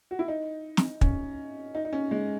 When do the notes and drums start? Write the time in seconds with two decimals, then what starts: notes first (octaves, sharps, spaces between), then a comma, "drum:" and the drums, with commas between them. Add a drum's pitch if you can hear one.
0.11 F#4
0.19 E4
0.28 D#4
0.77 drum: snare
1.01 C#4, drum: kick
1.75 D#4
1.85 D#4
1.93 C#4
2.11 G#3